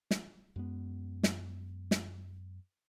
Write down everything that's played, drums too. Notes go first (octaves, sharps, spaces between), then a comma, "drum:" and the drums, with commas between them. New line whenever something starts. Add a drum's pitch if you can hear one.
drum: snare
F#2 G#3 B3
drum: snare
drum: snare